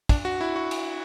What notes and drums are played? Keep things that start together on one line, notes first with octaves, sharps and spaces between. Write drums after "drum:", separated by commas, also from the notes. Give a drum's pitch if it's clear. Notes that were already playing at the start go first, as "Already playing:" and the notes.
D4, drum: kick, cymbal
F#4
E4
F#4
drum: cymbal